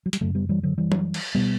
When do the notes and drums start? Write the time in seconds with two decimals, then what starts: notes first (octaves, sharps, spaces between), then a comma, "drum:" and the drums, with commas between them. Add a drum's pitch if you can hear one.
0.06 F#3
0.13 G3, drum: hi-hat
0.21 F#2 C#3 F#3 A3
0.35 G3 B3
0.49 E3 G3
0.63 D3 F#3
0.78 E3 G3
0.92 drum: tom F#3
1.14 drum: cymbal
1.35 B2 G3 B3